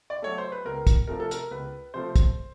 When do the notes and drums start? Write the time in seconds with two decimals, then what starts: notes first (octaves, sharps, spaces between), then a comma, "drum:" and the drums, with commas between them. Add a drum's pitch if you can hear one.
0.10 D5
0.22 F#3 A3 C#5
0.38 C5
0.52 B4
0.65 C#2 A#4
0.87 drum: kick, hi-hat
1.07 C3 F3 A3 A#4
1.20 A4
1.31 A#4, drum: hi-hat
1.51 C#2 B4
1.94 C3 F3 A3 C5
2.16 drum: kick, hi-hat